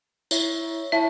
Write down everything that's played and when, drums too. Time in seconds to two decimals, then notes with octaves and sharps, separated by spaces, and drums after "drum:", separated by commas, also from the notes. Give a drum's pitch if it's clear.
0.31 E4 C#5 E5, drum: tambourine
0.92 E4 C#5 E5 A5